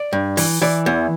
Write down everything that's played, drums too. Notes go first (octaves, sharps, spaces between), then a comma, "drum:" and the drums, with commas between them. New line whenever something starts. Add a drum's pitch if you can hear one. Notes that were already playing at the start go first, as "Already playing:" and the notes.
Already playing: D5
G2
E3, drum: open hi-hat
E3 D5
E2